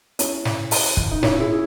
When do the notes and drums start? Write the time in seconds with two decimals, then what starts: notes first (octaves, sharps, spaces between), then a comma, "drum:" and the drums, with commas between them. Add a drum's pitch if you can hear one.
0.19 C#4 E4, drum: hi-hat
0.45 drum: snare
0.71 drum: open hi-hat
0.97 drum: kick
1.11 D#4
1.23 C#4 E4, drum: snare
1.40 E4 G#4